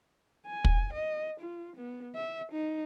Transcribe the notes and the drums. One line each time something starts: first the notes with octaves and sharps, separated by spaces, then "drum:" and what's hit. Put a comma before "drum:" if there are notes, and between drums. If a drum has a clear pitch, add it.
G#5
drum: kick
D#5
F4
B3
E5
D#4